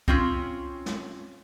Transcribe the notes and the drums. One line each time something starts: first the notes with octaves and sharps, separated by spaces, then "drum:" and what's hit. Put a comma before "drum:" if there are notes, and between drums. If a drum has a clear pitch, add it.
C4 C#4 F4, drum: kick C2
drum: snare